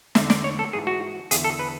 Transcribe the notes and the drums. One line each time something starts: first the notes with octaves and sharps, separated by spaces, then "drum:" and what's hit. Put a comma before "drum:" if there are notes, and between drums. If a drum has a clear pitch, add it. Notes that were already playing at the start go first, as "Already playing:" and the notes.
E2 D3 E5, drum: snare
D5, drum: snare
C#5
A4
G#2 E3 G#4
F#4
E2 D3 G#4, drum: hi-hat
A4
B4